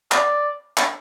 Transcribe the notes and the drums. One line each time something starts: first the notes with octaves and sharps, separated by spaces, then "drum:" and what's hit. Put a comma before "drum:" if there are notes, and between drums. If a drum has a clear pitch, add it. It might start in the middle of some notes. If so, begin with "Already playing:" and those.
D5, drum: clap
drum: clap